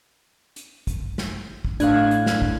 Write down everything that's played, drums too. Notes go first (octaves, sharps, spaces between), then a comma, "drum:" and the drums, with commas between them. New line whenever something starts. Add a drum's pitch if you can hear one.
drum: hi-hat
drum: kick, hi-hat
drum: snare
drum: kick
A2 D4 F5 F#6 G#6, drum: hi-hat
drum: hi-hat
drum: snare
drum: kick